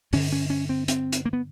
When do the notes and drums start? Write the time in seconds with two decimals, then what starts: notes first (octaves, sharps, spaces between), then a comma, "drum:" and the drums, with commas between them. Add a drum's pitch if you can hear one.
0.13 G2 D3 C#4, drum: open hi-hat
0.32 C#4
0.50 C#4
0.69 C4
0.88 C4, drum: hi-hat
1.12 drum: hi-hat
1.25 A#3
1.33 B3